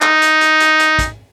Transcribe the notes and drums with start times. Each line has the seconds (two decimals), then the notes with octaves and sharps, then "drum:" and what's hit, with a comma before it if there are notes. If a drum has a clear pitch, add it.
0.02 D#4, drum: clap
0.22 drum: hi-hat
0.41 drum: hi-hat
0.60 drum: hi-hat
0.79 drum: hi-hat
0.99 drum: kick, hi-hat